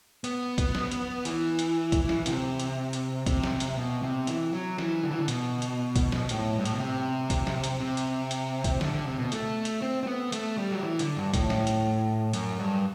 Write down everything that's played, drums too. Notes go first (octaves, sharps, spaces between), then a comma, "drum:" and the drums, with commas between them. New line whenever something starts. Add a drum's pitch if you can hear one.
B3, drum: hi-hat
drum: kick, hi-hat
drum: snare
drum: hi-hat
E3, drum: hi-hat
drum: hi-hat
drum: kick, hi-hat
drum: snare
C3, drum: hi-hat
drum: hi-hat
drum: hi-hat
C3, drum: kick, hi-hat
drum: snare
drum: hi-hat
B2
C3
E3, drum: hi-hat
F#3
E3, drum: snare
D3
E3
D3
B2, drum: hi-hat
drum: hi-hat
drum: kick, hi-hat
drum: snare
A2, drum: hi-hat
G2
A2, drum: hi-hat
B2
C3
drum: kick, hi-hat
drum: snare
drum: hi-hat
C3
drum: hi-hat
drum: hi-hat
drum: kick, hi-hat
D3, drum: snare
D3
C3
B2
A3, drum: hi-hat
drum: hi-hat
C4
C4
B3
A3, drum: hi-hat
G3
F#3
E3
D3, drum: hi-hat
G2
A2, drum: kick, hi-hat
drum: snare
drum: hi-hat
F#2, drum: hi-hat
G2